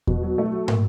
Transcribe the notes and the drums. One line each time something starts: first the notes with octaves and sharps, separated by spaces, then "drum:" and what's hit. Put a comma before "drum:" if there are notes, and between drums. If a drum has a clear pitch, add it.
B2, drum: kick E2
F#3
A3
F#3
A#3, drum: tom